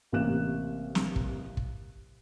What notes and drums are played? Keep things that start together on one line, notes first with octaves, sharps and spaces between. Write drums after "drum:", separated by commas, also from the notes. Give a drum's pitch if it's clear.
A1 C3 A#3 F#6 E7
drum: snare
drum: kick
drum: kick